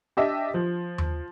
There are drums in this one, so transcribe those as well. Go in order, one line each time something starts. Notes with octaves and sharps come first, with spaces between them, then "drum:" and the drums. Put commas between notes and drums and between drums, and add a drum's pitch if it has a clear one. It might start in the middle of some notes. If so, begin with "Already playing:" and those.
D4 G4 D#5 E5
F3
drum: tom D#2